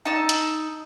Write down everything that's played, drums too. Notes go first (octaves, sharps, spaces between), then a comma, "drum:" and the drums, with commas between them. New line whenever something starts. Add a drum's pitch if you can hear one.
D#4 A5 E6
drum: hi-hat